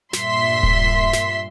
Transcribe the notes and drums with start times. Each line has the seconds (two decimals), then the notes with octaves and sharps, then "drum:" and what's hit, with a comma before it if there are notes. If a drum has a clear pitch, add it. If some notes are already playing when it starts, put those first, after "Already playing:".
0.13 G2 A#2 E5 C6 B6, drum: snare
0.63 drum: kick D1
1.13 drum: snare